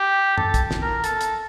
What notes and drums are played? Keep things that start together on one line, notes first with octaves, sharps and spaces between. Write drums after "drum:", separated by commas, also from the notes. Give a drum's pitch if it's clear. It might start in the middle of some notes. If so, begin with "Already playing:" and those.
Already playing: G4
A4, drum: tom F#2
drum: kick, hi-hat
drum: snare
A#4
A4, drum: hi-hat
drum: hi-hat